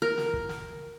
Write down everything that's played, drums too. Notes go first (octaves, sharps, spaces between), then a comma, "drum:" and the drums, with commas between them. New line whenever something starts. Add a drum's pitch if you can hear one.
A#4
drum: snare
drum: kick
drum: snare